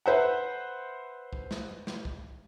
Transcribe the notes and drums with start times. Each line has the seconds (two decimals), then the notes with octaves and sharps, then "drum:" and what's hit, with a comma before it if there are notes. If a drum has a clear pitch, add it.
0.06 B4 C5 E5 F#5
1.33 drum: kick C2
1.51 drum: snare
1.87 drum: snare
2.05 drum: kick C2